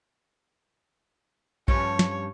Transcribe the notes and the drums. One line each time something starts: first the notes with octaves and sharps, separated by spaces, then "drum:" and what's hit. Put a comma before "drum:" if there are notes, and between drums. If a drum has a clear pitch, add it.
G2 F3 C#4 C#5, drum: kick A#1
drum: snare